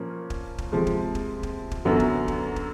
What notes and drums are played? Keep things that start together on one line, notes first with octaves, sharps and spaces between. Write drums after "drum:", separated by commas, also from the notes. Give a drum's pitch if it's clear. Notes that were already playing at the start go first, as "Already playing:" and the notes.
Already playing: A#2 F3 A#3 C#4
drum: kick
drum: kick
C3 F3 G#3
drum: kick
drum: kick
drum: kick
drum: kick
F#2 D3 F#3 B3
drum: kick
drum: kick
drum: kick